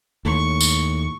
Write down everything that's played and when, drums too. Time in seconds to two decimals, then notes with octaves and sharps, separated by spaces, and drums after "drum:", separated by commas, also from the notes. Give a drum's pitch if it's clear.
0.25 D#2 A2 C#6
0.61 drum: tambourine